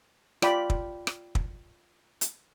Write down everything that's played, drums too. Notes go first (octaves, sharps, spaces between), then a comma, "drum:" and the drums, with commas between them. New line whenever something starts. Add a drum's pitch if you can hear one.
F4 D5 G5 B5, drum: rim click
drum: kick
drum: rim click
drum: kick
drum: hi-hat